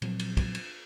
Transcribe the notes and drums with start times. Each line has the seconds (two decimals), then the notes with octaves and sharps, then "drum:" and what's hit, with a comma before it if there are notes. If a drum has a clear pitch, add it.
0.02 A#2 F3 F#3 C4, drum: cymbal
0.19 drum: cymbal
0.37 drum: kick, cymbal
0.55 drum: cymbal